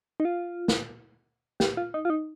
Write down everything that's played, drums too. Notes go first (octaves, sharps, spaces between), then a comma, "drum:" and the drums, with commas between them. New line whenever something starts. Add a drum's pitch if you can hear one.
D#4
F4
drum: snare
G4, drum: snare
F4
D#4
F4
D#4